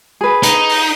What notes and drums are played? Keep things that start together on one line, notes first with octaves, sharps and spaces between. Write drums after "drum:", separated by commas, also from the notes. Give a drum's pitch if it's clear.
G#4 B4
D#4, drum: hi-hat
drum: open hi-hat